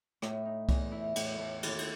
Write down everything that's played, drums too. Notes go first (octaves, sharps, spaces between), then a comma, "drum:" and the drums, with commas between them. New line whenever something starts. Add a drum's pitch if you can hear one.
A2, drum: rim click
D#4
E2, drum: kick C2, cymbal
E4
A2, drum: cymbal
A2
D#2, drum: cymbal
drum: cymbal